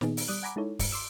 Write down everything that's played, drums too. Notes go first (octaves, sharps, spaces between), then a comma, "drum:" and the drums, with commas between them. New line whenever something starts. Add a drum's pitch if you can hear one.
A#2 D#3 B3 D#4 G#4, drum: snare
drum: open hi-hat
G3 D5 D#6 F#6
F#5 G#5 A#5 B5 D6
G#3 D#4 E4 A4 C#5
G2 C#7, drum: kick, open hi-hat
C6 D6 E6